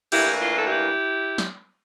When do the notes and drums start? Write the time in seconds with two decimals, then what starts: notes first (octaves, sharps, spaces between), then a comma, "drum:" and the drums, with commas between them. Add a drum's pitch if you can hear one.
0.12 A2 E3 A#3 D4 E4 G4, drum: cymbal
0.41 F4
0.58 A4
0.67 E4 G4
1.38 drum: snare